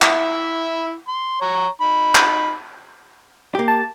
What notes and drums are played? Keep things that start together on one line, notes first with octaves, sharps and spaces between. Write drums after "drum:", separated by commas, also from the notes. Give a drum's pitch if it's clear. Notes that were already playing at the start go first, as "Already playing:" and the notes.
E4 E5, drum: clap
C6
C#5 A#5
D#4 B5
drum: clap
A#3 G4
A5